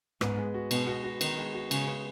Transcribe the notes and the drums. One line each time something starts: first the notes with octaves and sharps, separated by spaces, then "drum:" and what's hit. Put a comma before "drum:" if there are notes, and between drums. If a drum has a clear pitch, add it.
G#2 B3, drum: rim click
G#3
F#4
B2 G#3, drum: cymbal
F#4
F#4
D#3 B3, drum: cymbal
G#3
F#4
C#3 G#3, drum: cymbal
B3